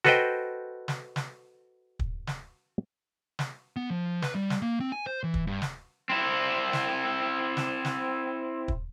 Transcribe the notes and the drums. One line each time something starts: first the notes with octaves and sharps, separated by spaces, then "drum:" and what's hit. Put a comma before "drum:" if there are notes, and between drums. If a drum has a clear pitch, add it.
F#4 A4 B4 C5 D#5 G5, drum: snare
drum: snare
drum: snare
drum: kick
drum: snare
drum: snare
B3
F3
B4, drum: snare
G3
drum: snare
A#3
C4
G#5
C5
E3
drum: kick
G2
drum: snare
C4 E4
drum: snare
drum: snare
drum: snare
drum: kick